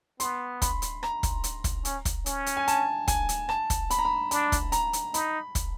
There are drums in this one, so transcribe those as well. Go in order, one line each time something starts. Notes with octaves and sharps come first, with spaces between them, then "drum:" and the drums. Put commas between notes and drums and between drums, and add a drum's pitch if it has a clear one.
B3 C6, drum: hi-hat
B5, drum: kick, hi-hat
drum: hi-hat
A#5, drum: rim click
drum: kick, hi-hat
drum: hi-hat
drum: kick, hi-hat
C#4, drum: hi-hat
drum: kick, hi-hat
C#4, drum: hi-hat
drum: hi-hat
G#5
A5, drum: hi-hat
G#5, drum: kick, hi-hat
drum: hi-hat
A5, drum: rim click
drum: kick, hi-hat
B5, drum: hi-hat
A#5
B5
D4 B5, drum: hi-hat
drum: kick, hi-hat
A#5, drum: hi-hat
drum: hi-hat
D#4 B5, drum: hi-hat
drum: kick, hi-hat